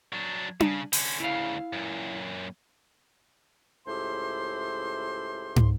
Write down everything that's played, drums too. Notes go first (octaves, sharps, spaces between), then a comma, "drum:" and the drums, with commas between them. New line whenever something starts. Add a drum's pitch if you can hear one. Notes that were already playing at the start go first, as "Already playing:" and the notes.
F#3 D4
C#3, drum: tom D4
D3 C#4, drum: open hi-hat
D2 C#3 E4 F5
F#2 A#2
C#2 A2 G4 C5 E5 C6
drum: tom